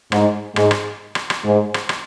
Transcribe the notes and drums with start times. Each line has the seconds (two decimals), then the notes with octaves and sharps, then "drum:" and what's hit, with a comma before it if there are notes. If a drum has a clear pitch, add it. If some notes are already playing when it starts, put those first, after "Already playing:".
0.12 G#2, drum: rim click
0.56 G#2, drum: rim click
0.71 drum: rim click
1.15 drum: rim click
1.30 drum: rim click
1.45 G#2
1.74 drum: rim click
1.89 drum: rim click